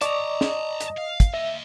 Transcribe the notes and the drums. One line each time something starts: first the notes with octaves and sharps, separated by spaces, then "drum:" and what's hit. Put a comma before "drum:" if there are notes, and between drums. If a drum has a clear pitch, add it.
D5 D#5 A5 A#5 C#6 D6, drum: hi-hat
drum: snare
drum: hi-hat
F5
drum: kick, hi-hat
A#3 D#5 E5